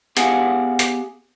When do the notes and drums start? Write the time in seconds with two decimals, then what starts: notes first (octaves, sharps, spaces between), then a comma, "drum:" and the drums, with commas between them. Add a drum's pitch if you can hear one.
0.17 B3 G4 G#4 F5 F#5 G#5, drum: hi-hat
0.79 drum: hi-hat